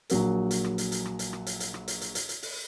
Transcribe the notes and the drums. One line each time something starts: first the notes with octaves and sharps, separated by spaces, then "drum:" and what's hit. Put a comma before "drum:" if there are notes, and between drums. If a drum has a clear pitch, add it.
A#1 F#3 A#4, drum: hi-hat
drum: hi-hat
drum: rim click
drum: hi-hat
drum: hi-hat
drum: rim click
drum: hi-hat
drum: rim click
drum: hi-hat
drum: hi-hat
drum: rim click
drum: hi-hat
drum: hi-hat
drum: hi-hat
drum: hi-hat
drum: open hi-hat